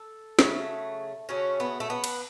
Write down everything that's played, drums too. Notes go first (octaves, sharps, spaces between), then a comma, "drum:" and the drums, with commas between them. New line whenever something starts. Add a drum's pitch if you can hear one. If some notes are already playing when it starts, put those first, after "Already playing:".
Already playing: A4
C#3 F#3 A3, drum: snare
C#3 F#3 A3 C#4
B3
A3
B3
drum: cymbal